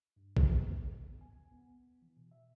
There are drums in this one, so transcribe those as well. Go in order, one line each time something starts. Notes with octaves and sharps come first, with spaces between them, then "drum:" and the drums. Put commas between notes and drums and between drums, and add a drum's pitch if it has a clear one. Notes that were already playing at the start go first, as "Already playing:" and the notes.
G2
C#4, drum: kick A#1
F#2
B3
G#5
B3
E3
B2
E5